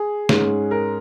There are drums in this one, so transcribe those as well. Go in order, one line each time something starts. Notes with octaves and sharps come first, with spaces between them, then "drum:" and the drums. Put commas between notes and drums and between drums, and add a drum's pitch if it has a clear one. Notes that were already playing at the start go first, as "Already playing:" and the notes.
Already playing: G#4
G#2 G#3 C#4, drum: snare
A#4